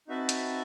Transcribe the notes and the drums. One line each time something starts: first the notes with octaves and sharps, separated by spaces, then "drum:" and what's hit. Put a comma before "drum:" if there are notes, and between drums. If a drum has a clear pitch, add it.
C4 D#4 F#4 B4 E5 A5
drum: hi-hat